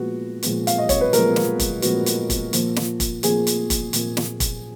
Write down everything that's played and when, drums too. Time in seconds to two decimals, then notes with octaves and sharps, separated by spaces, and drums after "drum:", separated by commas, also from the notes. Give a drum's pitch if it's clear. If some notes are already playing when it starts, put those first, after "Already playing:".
Already playing: A#2 F3 G#3 B3 F#4
0.43 A#2 F3 G#3 B3, drum: hi-hat
0.67 F5, drum: hi-hat
0.78 D#5
0.89 C#5, drum: kick, hi-hat
1.01 B4
1.13 A#2 F3 G#3 B3 A#4, drum: hi-hat
1.36 drum: snare
1.59 drum: kick, hi-hat
1.82 A#2 F3 G#3 B3 F#4, drum: hi-hat
2.06 drum: hi-hat
2.30 drum: kick, hi-hat
2.53 A#2 F3 A#3, drum: hi-hat
2.76 drum: snare
3.00 drum: kick, hi-hat
3.23 A#2 F3 A#3 G#4, drum: hi-hat
3.47 drum: hi-hat
3.70 drum: kick, hi-hat
3.93 A#2 F3 A#3, drum: hi-hat
4.17 drum: snare
4.40 drum: kick, hi-hat